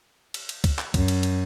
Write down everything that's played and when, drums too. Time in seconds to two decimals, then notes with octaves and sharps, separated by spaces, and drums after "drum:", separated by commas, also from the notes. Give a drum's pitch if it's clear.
0.34 drum: cymbal
0.49 drum: cymbal
0.64 drum: kick, cymbal
0.79 drum: clap
0.94 F#2, drum: kick, cymbal
1.08 drum: cymbal
1.23 drum: cymbal